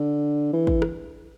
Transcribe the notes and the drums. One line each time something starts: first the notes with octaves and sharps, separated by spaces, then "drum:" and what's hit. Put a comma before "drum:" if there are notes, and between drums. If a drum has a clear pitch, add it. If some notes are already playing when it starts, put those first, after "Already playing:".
Already playing: D3
E3
drum: kick
drum: rim click